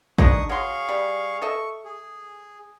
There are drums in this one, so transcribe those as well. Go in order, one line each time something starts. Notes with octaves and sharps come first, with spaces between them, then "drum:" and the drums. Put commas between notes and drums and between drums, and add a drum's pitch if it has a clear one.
G#3 D4 D#4 C#6 D#6, drum: kick
F#3 G#4 F5 C6 C#6
G3
A4 D#5 E5 C#6
G#4